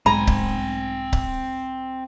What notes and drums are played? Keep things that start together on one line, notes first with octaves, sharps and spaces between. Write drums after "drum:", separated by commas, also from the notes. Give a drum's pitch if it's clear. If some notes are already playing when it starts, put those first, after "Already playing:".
B1 G#2 G#3 C4 G#5 A#5 B5
drum: kick C#1
drum: kick C#1